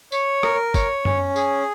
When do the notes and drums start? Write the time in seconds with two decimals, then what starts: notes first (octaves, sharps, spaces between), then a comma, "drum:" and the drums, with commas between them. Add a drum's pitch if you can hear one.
0.12 C#5, drum: tambourine
0.43 A#4, drum: rim click
0.74 C#5, drum: kick, tambourine
1.05 C#4, drum: tom F#2
1.36 G#4, drum: tambourine